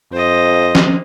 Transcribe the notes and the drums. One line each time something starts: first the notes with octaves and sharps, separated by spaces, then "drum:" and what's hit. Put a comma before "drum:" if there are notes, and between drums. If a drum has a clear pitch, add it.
F2 C5 D#5
drum: snare